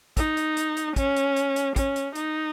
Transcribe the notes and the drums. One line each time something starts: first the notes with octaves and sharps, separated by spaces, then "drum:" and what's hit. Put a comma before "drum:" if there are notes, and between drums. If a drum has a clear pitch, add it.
D#4, drum: kick, hi-hat
drum: hi-hat
drum: hi-hat
drum: hi-hat
C#4, drum: kick, hi-hat
drum: hi-hat
drum: hi-hat
drum: hi-hat
C#4, drum: kick, hi-hat
drum: hi-hat
D#4, drum: hi-hat